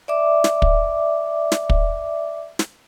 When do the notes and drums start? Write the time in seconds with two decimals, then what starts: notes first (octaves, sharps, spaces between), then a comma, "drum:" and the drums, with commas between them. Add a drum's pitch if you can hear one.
0.08 D5 E5 D6
0.44 drum: snare
0.62 drum: kick
1.52 drum: snare
1.70 drum: kick
2.59 drum: snare